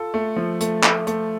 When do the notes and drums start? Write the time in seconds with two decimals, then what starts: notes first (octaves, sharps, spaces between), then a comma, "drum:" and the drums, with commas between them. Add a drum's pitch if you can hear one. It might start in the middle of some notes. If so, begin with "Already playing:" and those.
Already playing: F4 A4
0.14 A3
0.36 F3
0.61 A3, drum: hi-hat
0.83 A3, drum: clap
1.07 A3, drum: hi-hat